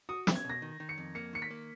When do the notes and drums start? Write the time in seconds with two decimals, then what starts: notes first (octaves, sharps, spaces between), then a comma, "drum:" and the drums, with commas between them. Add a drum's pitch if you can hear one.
0.09 F#4 D#6
0.27 C#4, drum: snare
0.35 G#6
0.44 B2
0.50 A#6
0.62 D#3
0.80 D#3
0.89 C#7
0.98 F2
1.15 A#3 C#7
1.33 D#3 C#7
1.42 B6
1.51 A#3